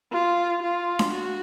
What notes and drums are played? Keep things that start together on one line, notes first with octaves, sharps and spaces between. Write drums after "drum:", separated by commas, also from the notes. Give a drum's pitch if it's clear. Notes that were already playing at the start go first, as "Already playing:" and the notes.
F4
F4
drum: snare D4
F#4